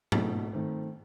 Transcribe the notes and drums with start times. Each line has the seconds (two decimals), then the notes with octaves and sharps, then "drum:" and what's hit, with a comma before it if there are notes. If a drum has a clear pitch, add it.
0.12 B2 A3 D#4 F#4, drum: tom
0.53 D#3 A3 C4